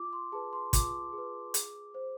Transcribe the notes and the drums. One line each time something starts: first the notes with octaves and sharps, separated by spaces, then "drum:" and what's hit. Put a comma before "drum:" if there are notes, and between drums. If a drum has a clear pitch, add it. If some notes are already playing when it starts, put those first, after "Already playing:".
Already playing: F4 D6
C6
G#4 B4 A5
C6
F4 D6, drum: kick, hi-hat
G#4
B4
G#4, drum: hi-hat
C5